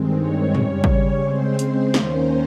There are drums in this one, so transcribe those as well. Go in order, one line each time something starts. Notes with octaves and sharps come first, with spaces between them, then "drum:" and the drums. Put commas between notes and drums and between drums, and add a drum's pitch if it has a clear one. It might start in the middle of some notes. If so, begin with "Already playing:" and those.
Already playing: G2 D#3 G#3 C4
C#5
C#3 G3 C#4, drum: tom
drum: kick
C#3 G#3 C4 C5
C5, drum: hi-hat
D#2 D#3 A#3 C#4 C5, drum: snare